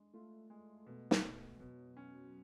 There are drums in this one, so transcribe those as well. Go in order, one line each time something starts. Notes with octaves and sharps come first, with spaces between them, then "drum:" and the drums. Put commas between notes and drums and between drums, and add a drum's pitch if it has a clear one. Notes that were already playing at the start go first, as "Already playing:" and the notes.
Already playing: G#3 D4
A3 F4
G#3
B2
drum: snare
B2
B2 F#3
C#4